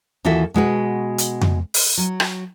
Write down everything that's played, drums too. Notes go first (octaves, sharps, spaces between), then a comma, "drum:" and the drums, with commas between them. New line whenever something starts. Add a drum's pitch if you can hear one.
D#2 E3 F4 F#4 A4 E5
B2 G#3 F#4 B4
drum: hi-hat
drum: tom F2
drum: open hi-hat
F#3
drum: rim click